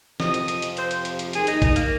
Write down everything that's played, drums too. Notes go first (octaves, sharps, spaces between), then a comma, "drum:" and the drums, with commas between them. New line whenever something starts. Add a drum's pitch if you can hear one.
F2 C3 F3 D#5, drum: snare
drum: hi-hat
drum: hi-hat
drum: hi-hat
C5, drum: hi-hat
drum: hi-hat
drum: hi-hat
drum: hi-hat
D#2 D#3 G#4, drum: hi-hat
D#4, drum: hi-hat
D#4, drum: kick A#1, hi-hat
A#3, drum: hi-hat